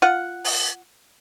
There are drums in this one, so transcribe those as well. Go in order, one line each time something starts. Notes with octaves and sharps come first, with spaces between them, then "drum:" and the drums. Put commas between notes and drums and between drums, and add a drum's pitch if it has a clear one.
F4 F#5
drum: open hi-hat